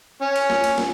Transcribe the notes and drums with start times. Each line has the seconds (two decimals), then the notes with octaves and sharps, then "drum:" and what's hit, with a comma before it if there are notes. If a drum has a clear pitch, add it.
0.22 C#4
0.36 drum: cymbal
0.50 drum: snare
0.64 drum: cymbal
0.78 drum: snare